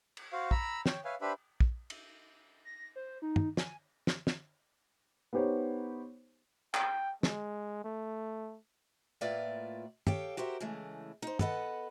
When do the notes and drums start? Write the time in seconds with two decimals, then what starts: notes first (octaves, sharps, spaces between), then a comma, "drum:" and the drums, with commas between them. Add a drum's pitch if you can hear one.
0.17 drum: cymbal
0.33 F#4 C5 F5
0.51 A#5 B5 E6, drum: kick
0.86 C#5 G5, drum: snare
1.05 B4 C#5 E5 F5 G#5
1.21 D4 G4 B4 C5 E5 B5
1.60 drum: kick
1.90 drum: cymbal
2.65 A#6
2.96 C5
3.22 D#4
3.36 drum: tom
3.57 G#5, drum: snare
4.07 drum: snare
4.27 drum: snare
5.33 B3 D#4 G4 C5 C#5
6.74 G5, drum: clap
7.23 G#3, drum: snare
7.84 A3
9.21 A2 A#3 F4 B4 D5 E5
10.07 G4 A4 C#5 F5 G5, drum: tom
10.37 F#4 G4 A#4 C5 E5
10.60 C#3 E3 G#3 A3
11.22 D#4 C5
11.39 B3 A4 B4 D#5 F#5, drum: tom